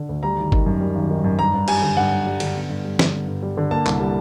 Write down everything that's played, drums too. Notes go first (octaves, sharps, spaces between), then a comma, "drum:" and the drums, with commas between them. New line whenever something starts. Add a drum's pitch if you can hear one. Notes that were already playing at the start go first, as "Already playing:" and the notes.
Already playing: D3
D2
G3 A#5
G#1
D#3, drum: kick G1
F#2
G3
G#1
D#3
F#2
G2 A#5
G2
G3 G#5, drum: cymbal
D3
G2 F#5
G2
G3
D3, drum: cymbal
B3
G2
G3
D3, drum: snare
B3
G2
G3
D3
A#3 A5
C2, drum: clap
G3